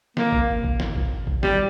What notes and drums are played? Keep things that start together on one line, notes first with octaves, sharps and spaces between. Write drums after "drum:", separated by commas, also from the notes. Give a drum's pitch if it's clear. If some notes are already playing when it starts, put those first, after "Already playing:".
A#3, drum: snare
drum: kick G#1
drum: kick G#1
drum: snare
drum: kick G#1
drum: kick G#1
G3, drum: snare